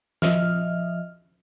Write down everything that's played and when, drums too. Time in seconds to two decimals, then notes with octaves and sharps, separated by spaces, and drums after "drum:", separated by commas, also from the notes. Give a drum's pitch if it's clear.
0.22 F3 D#5 E5 F6, drum: snare